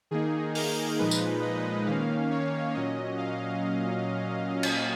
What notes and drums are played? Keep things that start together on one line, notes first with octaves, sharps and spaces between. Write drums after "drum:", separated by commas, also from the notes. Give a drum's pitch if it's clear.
D#3 A#3 D#4 G#4
A#4, drum: open hi-hat
A#2 F3 G#3 D#4 B4
drum: tambourine
D#5
D#3 A#3 C#4 F5
C#5
A#2 F#3 C#4 D#5
F5
drum: cymbal